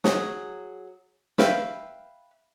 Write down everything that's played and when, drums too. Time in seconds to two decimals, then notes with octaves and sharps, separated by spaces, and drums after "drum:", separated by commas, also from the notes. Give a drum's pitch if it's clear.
0.04 F#3 G#4, drum: snare
1.38 B4 E5 F5 G5, drum: snare